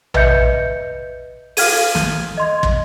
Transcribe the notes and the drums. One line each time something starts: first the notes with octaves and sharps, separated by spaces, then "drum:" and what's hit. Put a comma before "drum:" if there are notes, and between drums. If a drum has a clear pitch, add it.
B4 D#5 E5 G6 C#7, drum: tom A#1
A4 F5 F6 G#6 D#7, drum: open hi-hat
drum: snare
D#5 C6 G#6
drum: kick